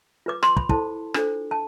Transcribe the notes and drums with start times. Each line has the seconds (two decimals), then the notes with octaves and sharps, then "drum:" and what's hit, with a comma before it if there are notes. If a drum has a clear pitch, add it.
0.26 F4 B4 D6
0.43 C6, drum: rim click
0.57 B5, drum: kick
0.69 E4 A4 C5 A5, drum: kick
1.14 D4 F4 A4 C5, drum: rim click
1.51 A5